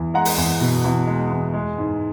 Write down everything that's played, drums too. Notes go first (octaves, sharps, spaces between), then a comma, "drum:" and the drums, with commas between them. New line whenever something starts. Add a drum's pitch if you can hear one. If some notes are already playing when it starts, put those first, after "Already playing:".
Already playing: E2
G#3 F#5 A#5
drum: open hi-hat
E2
B2
E2
G#3
E2
G#3
G#2